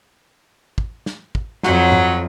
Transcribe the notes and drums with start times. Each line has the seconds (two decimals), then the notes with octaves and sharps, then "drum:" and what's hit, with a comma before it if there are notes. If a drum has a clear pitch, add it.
0.78 drum: kick
1.06 drum: snare
1.35 drum: kick
1.63 F2 F#3, drum: snare
1.92 drum: tom G2